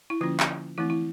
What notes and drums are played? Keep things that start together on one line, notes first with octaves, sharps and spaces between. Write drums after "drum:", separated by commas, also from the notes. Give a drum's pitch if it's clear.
E4
D3 F3 A#3 C#4 F4
drum: clap
E3 A3 C4 E4
E4